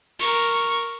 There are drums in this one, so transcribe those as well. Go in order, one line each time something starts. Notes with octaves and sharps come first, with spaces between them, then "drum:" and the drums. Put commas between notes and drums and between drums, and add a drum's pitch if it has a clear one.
A#4 C#6, drum: cymbal